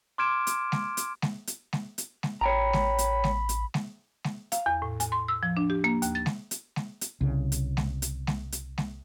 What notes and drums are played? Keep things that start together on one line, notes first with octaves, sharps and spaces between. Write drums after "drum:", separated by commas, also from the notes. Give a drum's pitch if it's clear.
C6 D6 F6 G#6 D7 E7
drum: hi-hat
drum: snare G#3
drum: hi-hat
drum: snare G#3
drum: hi-hat
drum: snare G#3
drum: hi-hat
drum: snare G#3
A1 C#5 G5 A#5 B5
drum: snare G#3
drum: hi-hat
drum: snare G#3
drum: hi-hat
drum: snare G#3
drum: snare G#3
F5, drum: hi-hat
E2
A2
G#5, drum: hi-hat
C6
E6
F3
D4
G4
A#3
D#2, drum: hi-hat
A6
drum: snare G#3
drum: hi-hat
drum: snare G#3
drum: hi-hat
C2 C#3
drum: hi-hat
drum: snare G#3
drum: hi-hat
drum: snare G#3
drum: hi-hat
drum: snare G#3